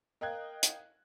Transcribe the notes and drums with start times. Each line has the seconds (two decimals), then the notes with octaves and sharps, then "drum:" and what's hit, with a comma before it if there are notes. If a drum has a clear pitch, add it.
0.21 A#4 D#5 F5 G5 F#6 G#6
0.63 drum: hi-hat